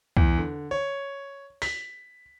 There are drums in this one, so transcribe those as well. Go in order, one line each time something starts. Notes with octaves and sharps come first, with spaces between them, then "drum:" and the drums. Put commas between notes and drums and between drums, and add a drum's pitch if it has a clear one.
E2, drum: kick C2
D3
C#5
B6, drum: open hi-hat